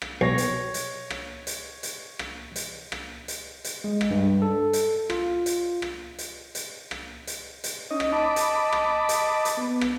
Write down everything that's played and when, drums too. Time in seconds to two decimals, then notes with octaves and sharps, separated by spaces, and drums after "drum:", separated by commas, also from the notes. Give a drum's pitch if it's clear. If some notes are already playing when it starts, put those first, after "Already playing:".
0.02 drum: rim click
0.21 B1 C#5 A#6
0.38 drum: hi-hat
0.74 drum: hi-hat
1.10 drum: rim click
1.47 drum: hi-hat
1.83 drum: hi-hat
2.19 drum: rim click
2.56 drum: hi-hat
2.92 drum: rim click
3.28 drum: hi-hat
3.64 drum: hi-hat
3.84 G#3
4.01 drum: rim click
4.11 G2
4.42 A4
4.73 drum: hi-hat
5.10 F4, drum: rim click
5.46 drum: hi-hat
5.82 drum: rim click
6.18 drum: hi-hat
6.55 drum: hi-hat
6.91 drum: rim click
7.27 drum: hi-hat
7.64 drum: hi-hat
7.91 C#4 D#4 D#5
8.00 drum: rim click
8.12 D#5 A5 B5 D6
8.36 drum: hi-hat
8.73 drum: rim click
9.09 drum: hi-hat
9.45 drum: hi-hat
9.57 B3
9.81 drum: rim click